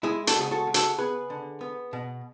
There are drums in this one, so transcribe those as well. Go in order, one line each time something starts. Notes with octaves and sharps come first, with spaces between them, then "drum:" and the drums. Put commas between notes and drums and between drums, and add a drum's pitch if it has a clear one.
G#3 E4 G#4
F#4 A4, drum: hi-hat
C#3
G#4
F#4 A4
C#3
F#4 A4, drum: hi-hat
B3 G#4 B4
D3
B3
B2